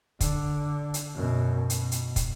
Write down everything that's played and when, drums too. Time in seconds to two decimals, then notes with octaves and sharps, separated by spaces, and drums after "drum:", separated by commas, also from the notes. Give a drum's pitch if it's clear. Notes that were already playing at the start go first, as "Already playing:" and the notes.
0.21 D3, drum: kick, hi-hat
0.94 drum: hi-hat
1.15 F#2 B2
1.70 B2, drum: hi-hat
1.92 drum: hi-hat
2.16 drum: kick, hi-hat